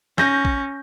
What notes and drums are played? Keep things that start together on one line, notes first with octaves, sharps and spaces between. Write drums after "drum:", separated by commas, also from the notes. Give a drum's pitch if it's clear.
C#4 G6 A#6, drum: snare
drum: kick